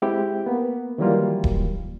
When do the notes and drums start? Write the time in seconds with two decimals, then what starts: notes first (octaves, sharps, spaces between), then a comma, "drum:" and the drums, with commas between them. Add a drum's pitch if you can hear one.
0.02 G#3 C4 E4 G4
0.46 A#3 B3
0.98 D#3 E3 F#3 G3 A#3 F4
1.44 drum: kick D#1